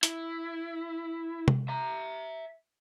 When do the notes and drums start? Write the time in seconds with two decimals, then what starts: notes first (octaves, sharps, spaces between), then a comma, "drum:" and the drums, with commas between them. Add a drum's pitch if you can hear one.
0.03 E4, drum: hi-hat
1.48 drum: tom C3
1.69 E5 A#5